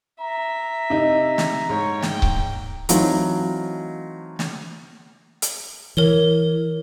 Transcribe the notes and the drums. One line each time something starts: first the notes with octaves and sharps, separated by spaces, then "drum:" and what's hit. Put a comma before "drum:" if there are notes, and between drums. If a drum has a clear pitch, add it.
E5 A#5
C3 D#4
drum: snare
G#2 C#5
G5, drum: snare
drum: kick C#1
E3 F#3 A3 C4 D#4 F4, drum: hi-hat
drum: snare
drum: hi-hat
E3 A#4 C#5 G7